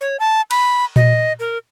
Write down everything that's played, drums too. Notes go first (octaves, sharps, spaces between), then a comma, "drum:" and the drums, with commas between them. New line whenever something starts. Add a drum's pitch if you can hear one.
C#5
A5
B5, drum: cymbal
D#5, drum: tom A#2
A#4